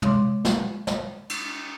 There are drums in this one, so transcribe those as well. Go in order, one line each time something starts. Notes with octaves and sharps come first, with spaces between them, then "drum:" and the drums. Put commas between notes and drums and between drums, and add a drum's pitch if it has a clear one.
E3 G#3 C#5 C6 D6, drum: tom
drum: snare
drum: snare
drum: cymbal